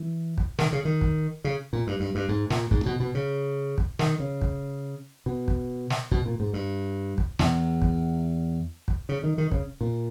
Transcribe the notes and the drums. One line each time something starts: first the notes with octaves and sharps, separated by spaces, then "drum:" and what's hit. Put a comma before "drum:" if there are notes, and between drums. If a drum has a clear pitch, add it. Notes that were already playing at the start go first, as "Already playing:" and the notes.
Already playing: E3
drum: kick
D#3, drum: snare
C#3
D#3
drum: kick
C#3
A#2
G2
G2
G2
G#2
A#2, drum: snare
G#2, drum: kick
B2
B2
C#3
drum: kick
D#3, drum: snare
C#3
drum: kick
B2
drum: kick
drum: snare
B2, drum: kick
A#2
G#2
G2
drum: kick
E2, drum: snare
drum: kick
drum: kick
C#3
D#3
D#3
C#3, drum: kick
A#2